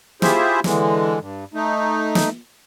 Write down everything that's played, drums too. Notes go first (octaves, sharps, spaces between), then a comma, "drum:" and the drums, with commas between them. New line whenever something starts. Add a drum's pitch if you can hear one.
E4 F4 G4 G#4 C5 E5, drum: snare
D3 E3 G#3, drum: snare
G2
A3 D#4
drum: snare